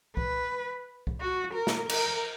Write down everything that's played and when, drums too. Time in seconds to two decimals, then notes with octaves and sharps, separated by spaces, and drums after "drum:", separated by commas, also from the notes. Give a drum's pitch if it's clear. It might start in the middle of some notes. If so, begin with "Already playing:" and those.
0.17 B4, drum: kick
1.07 drum: kick
1.21 F#4
1.55 A#4
1.67 drum: snare
1.89 A#4, drum: cymbal